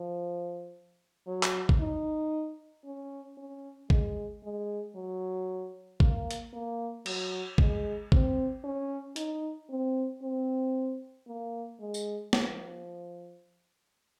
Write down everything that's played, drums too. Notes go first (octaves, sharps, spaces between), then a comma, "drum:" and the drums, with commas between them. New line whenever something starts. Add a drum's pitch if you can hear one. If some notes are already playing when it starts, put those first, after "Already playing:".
Already playing: F3
F#3
drum: clap
drum: kick
D#4
C#4
C#4
G#3, drum: kick
G#3
F#3
A#3, drum: kick
drum: hi-hat
A#3
F#3, drum: cymbal
G#3, drum: kick
C4, drum: kick
C#4
D#4, drum: hi-hat
C4
C4
A#3
G#3
drum: tambourine
F3, drum: snare